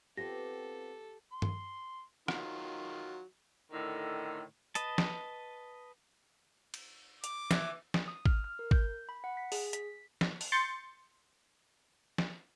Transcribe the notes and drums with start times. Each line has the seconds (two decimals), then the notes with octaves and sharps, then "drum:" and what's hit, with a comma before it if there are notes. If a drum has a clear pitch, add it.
0.17 B3 C4 F4 G4 A4 A#6
1.33 C6
1.42 drum: tom G2
2.28 D#3 F#3 F4, drum: rim click
3.72 A2 D3 D#3
4.75 B4 D#5 A5, drum: hi-hat
4.98 drum: snare
6.74 drum: cymbal
7.24 D6, drum: hi-hat
7.51 E3, drum: snare
7.94 D#6, drum: snare
8.08 D#6
8.26 F6, drum: kick
8.44 F6
8.59 A#4
8.71 G6, drum: kick
9.09 B5
9.24 F#5
9.37 B6
9.52 G#4, drum: open hi-hat
9.73 B6, drum: hi-hat
10.21 drum: snare
10.41 drum: open hi-hat
10.52 C6 G6 A6 C#7
12.18 drum: snare